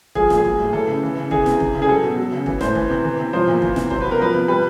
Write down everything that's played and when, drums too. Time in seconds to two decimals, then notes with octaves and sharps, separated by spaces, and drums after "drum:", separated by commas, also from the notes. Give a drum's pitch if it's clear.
0.15 F3 G#4, drum: kick F1
0.30 A#2, drum: snare
0.37 G#4
0.45 F#3, drum: kick F1
0.58 A2
0.73 E3 A4
0.88 C#3
1.03 E3
1.17 C#3
1.31 E3 G#4, drum: kick F1
1.46 C3, drum: snare
1.60 E3, drum: kick F1
1.74 C#3
1.82 G#4
1.88 F#3 A4
2.03 B2
2.17 F#3
2.32 C#3
2.46 E3, drum: kick F1
2.61 A2 C5, drum: snare
2.75 E3, drum: kick F1
2.90 C3
3.04 E3
3.19 C3
3.33 F3 C5
3.48 A#2
3.62 E3, drum: kick F1
3.76 C3, drum: snare
3.90 F#3 C5, drum: kick F1
4.01 B2 B4
4.11 A#4
4.20 F3 B4
4.34 C3
4.48 G3 B4